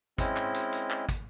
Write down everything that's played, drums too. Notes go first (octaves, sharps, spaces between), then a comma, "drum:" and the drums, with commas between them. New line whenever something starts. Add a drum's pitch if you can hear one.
G#3 C4 C#4 E4 D#5, drum: kick, hi-hat
drum: clap
drum: hi-hat
drum: hi-hat
drum: clap
drum: kick, hi-hat